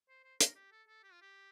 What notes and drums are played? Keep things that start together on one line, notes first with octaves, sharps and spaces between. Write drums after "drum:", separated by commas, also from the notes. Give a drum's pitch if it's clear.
C5
C5
A#4, drum: hi-hat
G4
A4
A4
G4
F4
G4